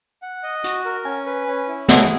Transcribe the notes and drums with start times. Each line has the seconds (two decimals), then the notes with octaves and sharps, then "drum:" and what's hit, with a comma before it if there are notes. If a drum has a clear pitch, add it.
0.22 F#5
0.43 D#5
0.64 F#4, drum: hi-hat
0.85 A#4
1.05 C#4 G#5
1.26 B4
1.47 C#4
1.68 E4
1.89 G#4 F#5, drum: snare